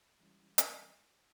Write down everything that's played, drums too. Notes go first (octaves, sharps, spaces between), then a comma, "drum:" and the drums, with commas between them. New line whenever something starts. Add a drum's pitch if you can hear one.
E3 G3 G#3 C#4 E4
drum: hi-hat